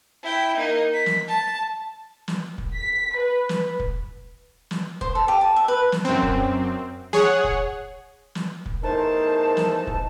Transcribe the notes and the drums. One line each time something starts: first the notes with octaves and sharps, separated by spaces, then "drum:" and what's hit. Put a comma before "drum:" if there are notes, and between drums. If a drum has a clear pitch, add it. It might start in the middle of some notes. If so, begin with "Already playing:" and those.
E4 G5
A#3 D#4
B6
drum: snare
A5
drum: snare
drum: kick
B6
B4
drum: snare
drum: kick
drum: snare
C5, drum: kick
A4
G4
A5
E5
B4
drum: snare
F#2 C4
drum: kick
G#4 C#5 F#5, drum: snare
drum: kick
drum: snare
drum: kick
E2 A3 D#4 A#4 C5 A5
drum: snare
drum: kick